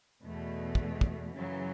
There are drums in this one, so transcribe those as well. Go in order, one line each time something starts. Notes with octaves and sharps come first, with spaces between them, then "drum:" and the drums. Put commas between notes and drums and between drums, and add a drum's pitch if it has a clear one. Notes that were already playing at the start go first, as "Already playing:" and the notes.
E2 B2 A3
drum: kick
drum: kick
F#2 C#3 E3 F#3